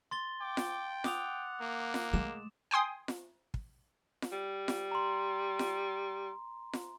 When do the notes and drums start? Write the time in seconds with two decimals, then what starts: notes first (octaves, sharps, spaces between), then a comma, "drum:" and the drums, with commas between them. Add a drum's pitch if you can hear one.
0.11 C6 A6 G7
0.41 G5 D6
0.57 drum: snare F4
1.04 F#5 D6 D#6 F7, drum: snare F4
1.61 A#3
1.94 drum: snare F4
2.13 G#3 E7
2.71 G5 G#5 C6 D#6
3.08 drum: snare F4
3.54 drum: kick
4.22 drum: snare F4
4.32 G3
4.68 drum: snare F4
4.92 A#5 C6
5.59 drum: snare F4
6.73 drum: snare F4